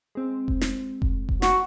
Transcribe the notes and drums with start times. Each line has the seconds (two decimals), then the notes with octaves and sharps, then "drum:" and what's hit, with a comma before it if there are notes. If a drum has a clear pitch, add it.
0.15 G#3 C4
0.48 drum: kick F1
0.61 drum: snare
1.02 drum: kick F1
1.29 drum: kick F1
1.42 F#4, drum: snare